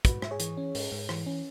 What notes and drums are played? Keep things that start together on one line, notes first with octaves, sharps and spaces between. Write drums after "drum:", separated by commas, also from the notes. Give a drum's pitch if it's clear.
G#2 F#4 B4, drum: kick, hi-hat
G#2 E5, drum: rim click
G#4 C#5
E3, drum: hi-hat
C#4
G#2, drum: open hi-hat
G#2
E3, drum: rim click
C#4